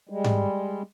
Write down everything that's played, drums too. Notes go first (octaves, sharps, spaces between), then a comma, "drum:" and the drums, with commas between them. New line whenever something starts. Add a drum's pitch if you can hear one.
G3 G#3
drum: tom G#2